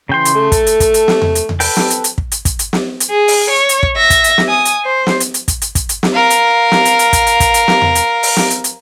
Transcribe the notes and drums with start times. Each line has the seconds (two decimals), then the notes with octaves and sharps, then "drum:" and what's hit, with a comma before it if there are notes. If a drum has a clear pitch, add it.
0.09 C#3 E3 G5 C6
0.25 drum: hi-hat
0.35 A3
0.52 A4, drum: kick, hi-hat
0.67 drum: hi-hat
0.80 drum: kick, hi-hat
0.94 drum: hi-hat
1.08 drum: snare
1.22 drum: tom E2
1.35 drum: hi-hat
1.49 drum: tom E2
1.60 A4 B4 G5, drum: open hi-hat
1.77 drum: snare
1.90 drum: hi-hat
2.04 drum: hi-hat
2.18 drum: kick
2.32 drum: hi-hat
2.45 drum: kick, hi-hat
2.59 drum: hi-hat
2.73 drum: snare
3.00 drum: hi-hat
3.10 G#4
3.28 drum: open hi-hat
3.50 C#5
3.69 drum: hi-hat
3.83 drum: kick
3.97 E5 A#6
4.10 drum: kick, hi-hat
4.24 drum: hi-hat
4.38 drum: snare
4.48 G#5 D#6
4.65 drum: hi-hat
4.84 C5
5.07 drum: snare
5.20 drum: hi-hat
5.34 drum: hi-hat
5.48 drum: kick, hi-hat
5.62 drum: hi-hat
5.75 drum: kick, hi-hat
5.89 drum: hi-hat
6.03 drum: snare
6.13 A#4 F5
6.30 drum: hi-hat
6.72 drum: snare
6.85 drum: hi-hat
6.99 drum: hi-hat
7.13 drum: kick, hi-hat
7.27 drum: hi-hat
7.40 drum: kick, hi-hat
7.54 drum: hi-hat
7.68 drum: snare
7.82 drum: tom E2
7.95 drum: hi-hat
8.23 drum: open hi-hat
8.37 drum: snare
8.50 drum: hi-hat
8.64 drum: hi-hat